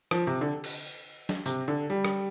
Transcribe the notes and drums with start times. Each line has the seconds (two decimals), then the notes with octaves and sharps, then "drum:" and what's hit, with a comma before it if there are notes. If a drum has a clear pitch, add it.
0.11 F3, drum: rim click
0.27 C3
0.41 D3
0.64 drum: cymbal
1.29 drum: snare
1.46 C3, drum: tambourine
1.68 D3
1.90 G3
2.05 drum: rim click